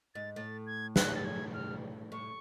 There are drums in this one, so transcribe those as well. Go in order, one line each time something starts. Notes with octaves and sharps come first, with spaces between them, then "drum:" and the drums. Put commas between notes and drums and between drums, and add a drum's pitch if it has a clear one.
G#2 A6
A2 A6
G#6
F#6, drum: snare
A6
G#6
F6
A2 C#6